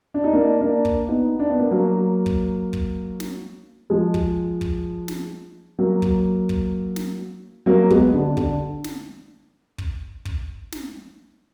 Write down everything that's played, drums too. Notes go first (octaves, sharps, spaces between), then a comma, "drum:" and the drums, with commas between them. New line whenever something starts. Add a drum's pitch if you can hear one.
D4
D#4
A#3 D4
A#3 D4
drum: kick
B3 D#4
D4
B3
A#3 D4
F#3 A#3
drum: kick
drum: kick
drum: snare
F3 G#3
drum: kick
drum: kick
drum: snare
F#3 A#3
drum: kick
drum: kick
drum: snare
F#3 A#3
G#3 B3, drum: kick
D3
D3, drum: kick
drum: snare
drum: kick
drum: kick
drum: snare